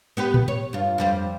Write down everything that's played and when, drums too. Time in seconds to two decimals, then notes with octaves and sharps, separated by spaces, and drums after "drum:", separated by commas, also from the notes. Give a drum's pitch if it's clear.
0.17 B3 G4 B4
0.34 drum: tom A2
0.48 C#5
0.73 G2 F4
0.98 F2 G3 C5